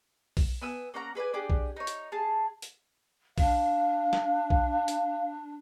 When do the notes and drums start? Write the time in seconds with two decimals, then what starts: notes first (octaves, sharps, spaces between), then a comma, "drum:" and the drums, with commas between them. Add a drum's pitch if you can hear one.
0.37 drum: kick B1, open hi-hat
0.61 B3 G#5 E6
0.94 A#3 C#4 F#5 A#5
1.15 G#4 B4 D5 G#5
1.34 D4 G4 G#4
1.50 drum: kick B1
1.76 D#4 C#5
1.87 drum: hi-hat
2.12 G#4 A5
2.62 drum: hi-hat
3.38 D4 F5, drum: kick B1, open hi-hat
4.13 drum: snare
4.50 drum: kick B1
4.88 drum: hi-hat